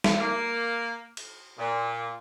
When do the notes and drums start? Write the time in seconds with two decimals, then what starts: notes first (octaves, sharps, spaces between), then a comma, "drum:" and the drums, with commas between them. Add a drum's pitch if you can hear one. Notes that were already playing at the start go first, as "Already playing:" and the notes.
0.04 drum: snare
0.19 A#3
1.17 drum: cymbal
1.58 A#2